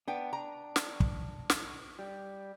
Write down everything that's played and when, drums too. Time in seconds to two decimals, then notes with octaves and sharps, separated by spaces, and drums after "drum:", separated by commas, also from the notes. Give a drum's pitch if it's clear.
0.08 B3 D4 G5
0.33 A#5
0.76 drum: snare
1.00 drum: kick
1.50 drum: snare
1.99 G3